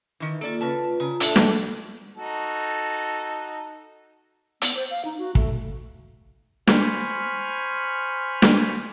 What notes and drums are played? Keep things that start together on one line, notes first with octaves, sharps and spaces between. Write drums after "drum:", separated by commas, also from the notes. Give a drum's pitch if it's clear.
D#3 E3
A#3 F4 A4 D5
C#3 F4 B4 A5
C#3 F4 A#5
A#2 D4 A4 E5, drum: hi-hat
F#3, drum: snare
D#4 F#4 A4
B3, drum: hi-hat
C5
F5
D#4
F#4
A3, drum: kick
C5 G#5 B5 C#6 F6, drum: snare
drum: snare